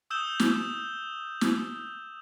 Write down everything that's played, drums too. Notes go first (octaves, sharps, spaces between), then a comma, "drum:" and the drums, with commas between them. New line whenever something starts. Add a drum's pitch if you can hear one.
D#6 E6 G6 E7 G7
drum: snare
drum: snare